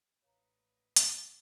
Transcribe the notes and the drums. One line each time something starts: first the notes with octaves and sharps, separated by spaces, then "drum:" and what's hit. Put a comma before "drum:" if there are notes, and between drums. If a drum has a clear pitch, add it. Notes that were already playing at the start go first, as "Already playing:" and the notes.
A1 D4 D#4 B4 C#5 F5 A#5
A#3 C4 F5 G#5, drum: hi-hat